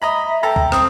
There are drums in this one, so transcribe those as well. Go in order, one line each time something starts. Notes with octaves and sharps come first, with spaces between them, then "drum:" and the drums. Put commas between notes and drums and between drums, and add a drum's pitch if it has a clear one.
D#5 E5 A#5 B5
A4 G5 A#5
drum: kick
C4 D#6, drum: rim click